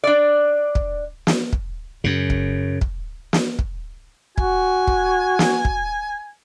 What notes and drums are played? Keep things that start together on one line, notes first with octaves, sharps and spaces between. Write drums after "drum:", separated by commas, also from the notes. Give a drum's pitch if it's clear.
D4 D5
drum: kick
drum: snare
drum: kick
F#2 C#3
drum: kick
drum: kick
drum: snare
drum: kick
F#4 G#5, drum: kick
drum: kick
drum: snare
drum: kick